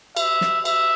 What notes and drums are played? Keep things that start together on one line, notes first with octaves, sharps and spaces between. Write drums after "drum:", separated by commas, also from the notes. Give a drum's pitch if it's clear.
E5, drum: cymbal
drum: snare
E5, drum: cymbal